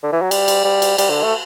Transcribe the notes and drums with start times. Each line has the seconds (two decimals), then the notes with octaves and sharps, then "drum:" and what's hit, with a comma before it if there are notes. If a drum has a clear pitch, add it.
0.03 D3
0.12 E3
0.22 F#3
0.31 G3, drum: cymbal
0.48 drum: cymbal
0.64 G3
0.82 drum: cymbal
0.98 G3, drum: cymbal
1.10 D3
1.23 A3